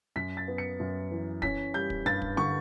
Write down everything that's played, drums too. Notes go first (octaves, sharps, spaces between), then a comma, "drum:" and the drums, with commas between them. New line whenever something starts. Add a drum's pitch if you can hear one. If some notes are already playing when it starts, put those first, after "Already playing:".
F#2 B6
A6
B3
C#7
F#2
E3
C#4 B6, drum: kick
G3 G6
drum: kick
G2 A6
drum: kick
D3 C#6